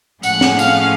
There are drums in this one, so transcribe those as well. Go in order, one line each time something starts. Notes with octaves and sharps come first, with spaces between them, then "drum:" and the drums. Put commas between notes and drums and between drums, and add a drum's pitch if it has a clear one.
A2 F3 G#3 C#4 F#5, drum: tambourine
drum: snare C4
F5, drum: tambourine